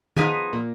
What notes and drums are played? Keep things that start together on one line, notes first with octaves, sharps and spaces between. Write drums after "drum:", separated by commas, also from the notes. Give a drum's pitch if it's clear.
F3 A#3 B3 D#4 G#4 A#4, drum: tom
A#2 A#3